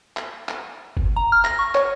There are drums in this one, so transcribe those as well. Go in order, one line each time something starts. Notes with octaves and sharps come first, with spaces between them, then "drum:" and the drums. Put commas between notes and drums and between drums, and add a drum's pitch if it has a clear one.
drum: clap
drum: clap
drum: kick
A#5
F6
A#6, drum: clap
C#6
C#5, drum: clap